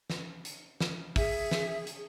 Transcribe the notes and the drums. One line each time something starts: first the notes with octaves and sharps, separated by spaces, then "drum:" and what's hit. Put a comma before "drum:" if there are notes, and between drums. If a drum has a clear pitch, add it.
drum: snare
drum: hi-hat
drum: snare
G#4 E5, drum: kick, open hi-hat
drum: snare
drum: hi-hat